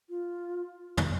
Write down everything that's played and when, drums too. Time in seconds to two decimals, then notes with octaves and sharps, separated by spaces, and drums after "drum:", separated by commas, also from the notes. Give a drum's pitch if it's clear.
0.09 F4
0.97 drum: tom